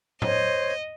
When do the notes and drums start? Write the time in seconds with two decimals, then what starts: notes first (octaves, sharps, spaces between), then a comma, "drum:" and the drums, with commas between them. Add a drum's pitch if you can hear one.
0.22 C5 C#5 D#5, drum: tom A2